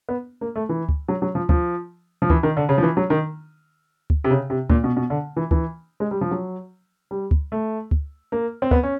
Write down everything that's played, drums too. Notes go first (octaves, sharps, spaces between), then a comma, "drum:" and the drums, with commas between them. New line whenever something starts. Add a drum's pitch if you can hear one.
B3
A#3
A3
E3
drum: kick D2
F#3
F#3
F3
F3, drum: kick D2
F3
E3, drum: kick D2
D#3
D3
C#3
F3
E3
F#3
D#3
drum: kick D2
C3
C#3
C3
A#2, drum: kick D2
B2
B2
D3
E3
E3, drum: kick D2
G#3
G3
F3
F#3
G3
drum: kick D2
A3
drum: kick D2
A#3
C4
B3, drum: kick D2
C#4